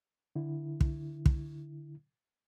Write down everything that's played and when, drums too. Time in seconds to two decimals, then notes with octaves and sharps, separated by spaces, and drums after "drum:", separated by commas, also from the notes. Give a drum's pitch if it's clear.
0.36 D3 E4
0.81 drum: kick
1.26 drum: kick